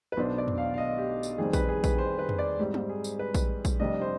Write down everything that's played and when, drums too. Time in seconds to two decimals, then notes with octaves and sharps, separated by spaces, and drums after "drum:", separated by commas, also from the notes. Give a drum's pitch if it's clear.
0.12 B4
0.17 B1 B2 B3 D4 C5
0.38 D5
0.48 drum: tom
0.58 F5
0.74 F5
0.78 D#5
0.98 G4
1.23 drum: tambourine
1.38 F2 D#3 G3 C4 G#4
1.53 B4, drum: kick A#1, tambourine
1.69 G#4
1.84 B4, drum: kick A#1, tambourine
1.99 C5
2.19 B4
2.29 drum: tom
2.39 D5
2.59 G#2 G3 C4 G4
2.74 drum: tom
2.89 G#4
3.04 drum: tambourine
3.19 B4
3.35 drum: kick A#1, tambourine
3.65 drum: kick A#1, tambourine
3.80 F1 F2 C3 G3 D4 D#5
4.02 C5